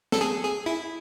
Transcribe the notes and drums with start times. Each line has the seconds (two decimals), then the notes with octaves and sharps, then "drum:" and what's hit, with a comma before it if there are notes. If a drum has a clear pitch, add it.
0.12 A4, drum: snare
0.21 G#4
0.44 G#4
0.66 E4